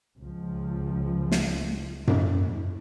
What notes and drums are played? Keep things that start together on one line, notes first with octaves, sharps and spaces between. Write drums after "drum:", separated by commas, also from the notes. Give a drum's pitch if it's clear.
C#2 F3
drum: snare
drum: tom F#2